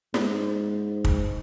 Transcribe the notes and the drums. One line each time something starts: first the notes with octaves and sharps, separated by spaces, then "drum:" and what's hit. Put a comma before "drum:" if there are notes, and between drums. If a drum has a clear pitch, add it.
G#2, drum: snare
drum: kick